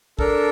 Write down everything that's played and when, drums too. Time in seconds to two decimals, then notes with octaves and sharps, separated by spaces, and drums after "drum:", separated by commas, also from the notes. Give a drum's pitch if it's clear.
0.19 D4 A4 A#4, drum: kick